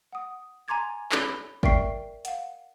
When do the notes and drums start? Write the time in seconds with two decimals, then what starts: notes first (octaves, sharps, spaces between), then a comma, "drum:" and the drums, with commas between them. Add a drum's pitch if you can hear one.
0.13 F#5 D#6
0.68 G#5 A#5 C6 D6 G#6 A6
1.12 A4 C#5 B5 G7, drum: clap
1.63 A#4 D5 E5 G5 C#6 C7, drum: kick
2.25 F5 F#5, drum: hi-hat